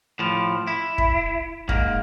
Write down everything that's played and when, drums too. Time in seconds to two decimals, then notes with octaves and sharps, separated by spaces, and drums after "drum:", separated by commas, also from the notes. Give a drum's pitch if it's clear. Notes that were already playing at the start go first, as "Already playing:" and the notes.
0.19 A2 F3
0.67 E4
0.98 drum: kick
1.69 G#2 A#3, drum: kick